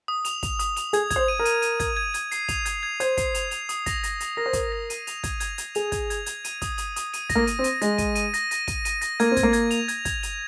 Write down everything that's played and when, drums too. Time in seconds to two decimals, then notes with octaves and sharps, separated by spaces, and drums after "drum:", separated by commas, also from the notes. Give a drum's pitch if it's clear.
0.08 D#6
0.25 F7, drum: hi-hat
0.43 F7, drum: kick, hi-hat
0.59 D#6, drum: hi-hat
0.77 F7, drum: hi-hat
0.93 G#4 G#6, drum: hi-hat
1.10 G#6, drum: kick, hi-hat
1.16 C5
1.28 D#7
1.39 A#4
1.45 D#7, drum: hi-hat
1.62 D#7, drum: hi-hat
1.80 G#6, drum: kick, hi-hat
1.97 G#6
2.14 G#6, drum: hi-hat
2.32 C7, drum: hi-hat
2.48 F7, drum: kick, hi-hat
2.66 G#6, drum: hi-hat
2.83 G#6
3.00 C5 G#6, drum: hi-hat
3.17 C7, drum: kick, hi-hat
3.35 F7, drum: hi-hat
3.51 F7, drum: hi-hat
3.69 D#6, drum: hi-hat
3.86 A#6, drum: kick, hi-hat
4.03 A#6, drum: hi-hat
4.20 A#6, drum: hi-hat
4.37 A#4 A#6
4.46 C5
4.53 A#4 D#6, drum: kick, hi-hat
4.72 A#6
4.90 D#7, drum: hi-hat
5.07 F7, drum: hi-hat
5.24 G#6, drum: kick, hi-hat
5.40 G#6, drum: hi-hat
5.58 G#6, drum: hi-hat
5.75 G#4 F7, drum: hi-hat
5.92 G#6, drum: kick, hi-hat
6.10 G#6, drum: hi-hat
6.26 G#6, drum: hi-hat
6.45 D#7, drum: hi-hat
6.62 D#6, drum: kick, hi-hat
6.78 D#6, drum: hi-hat
6.96 D#6, drum: hi-hat
7.14 D#7, drum: hi-hat
7.30 A#6, drum: kick, hi-hat
7.35 A#3
7.47 D#7, drum: hi-hat
7.59 C4
7.64 D#7, drum: hi-hat
7.81 G#3 A#6, drum: hi-hat
7.98 D#7, drum: kick, hi-hat
8.16 D#7, drum: hi-hat
8.34 A#6, drum: hi-hat
8.51 A#6, drum: hi-hat
8.68 D#7, drum: kick, hi-hat
8.85 D#7, drum: hi-hat
9.02 A#6, drum: hi-hat
9.20 A#3 G#6, drum: hi-hat
9.31 C4
9.37 G#6, drum: kick, hi-hat
9.43 A#3
9.53 G#6, drum: hi-hat
9.71 F7, drum: hi-hat
9.88 G#6, drum: hi-hat
10.05 G#6, drum: kick, hi-hat
10.23 F7, drum: hi-hat